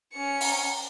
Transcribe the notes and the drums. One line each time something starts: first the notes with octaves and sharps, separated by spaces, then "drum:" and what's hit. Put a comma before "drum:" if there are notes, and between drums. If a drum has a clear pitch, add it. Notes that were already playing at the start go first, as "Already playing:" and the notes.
C#4 C#7
drum: open hi-hat